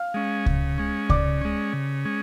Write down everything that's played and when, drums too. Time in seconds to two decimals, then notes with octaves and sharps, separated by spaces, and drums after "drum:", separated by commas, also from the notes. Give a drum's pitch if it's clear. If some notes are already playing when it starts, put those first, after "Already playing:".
Already playing: F5 F6
0.14 G#3 C#4
0.46 C#3, drum: kick C#2
0.78 G#3 C#4
1.09 C#3 D5 D6, drum: kick C#2
1.41 G#3 C#4
1.73 C#3
2.05 G#3 C#4